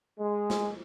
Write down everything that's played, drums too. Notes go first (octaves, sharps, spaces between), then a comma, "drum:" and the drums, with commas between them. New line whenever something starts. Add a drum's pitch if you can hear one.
G#3
drum: snare